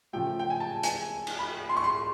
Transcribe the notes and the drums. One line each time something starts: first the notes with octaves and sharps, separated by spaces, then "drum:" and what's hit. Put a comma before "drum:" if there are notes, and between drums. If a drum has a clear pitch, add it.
C#3 F3 A3 G5
G5
G#5
A5
G#5, drum: hi-hat
drum: cymbal
B5
C6
C#6
C6